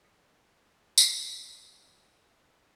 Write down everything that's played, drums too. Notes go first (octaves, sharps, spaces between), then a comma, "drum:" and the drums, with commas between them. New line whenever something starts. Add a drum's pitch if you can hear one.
A#4 D#6 F6 A#6 B6 C#7
drum: tambourine
A#4 A5 B5 C6 D#6 E6